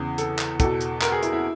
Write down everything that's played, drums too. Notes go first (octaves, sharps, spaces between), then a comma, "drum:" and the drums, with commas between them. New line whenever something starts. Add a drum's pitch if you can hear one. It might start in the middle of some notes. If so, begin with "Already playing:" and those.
Already playing: E2 C#3 E3 G#4
A4, drum: hi-hat
drum: clap
E2 B2 A4, drum: kick, hi-hat
drum: hi-hat
A#4, drum: clap
G#4
E4, drum: hi-hat
E4